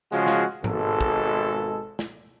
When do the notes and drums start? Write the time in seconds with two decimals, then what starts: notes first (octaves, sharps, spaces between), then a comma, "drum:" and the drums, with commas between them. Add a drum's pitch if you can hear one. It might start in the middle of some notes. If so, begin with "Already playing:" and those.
0.12 C#3 F3 G#3 F4 F#4, drum: hi-hat
0.27 drum: snare
0.64 G#1 B2 G#3 A4, drum: tom G#2
1.01 drum: kick
1.99 drum: snare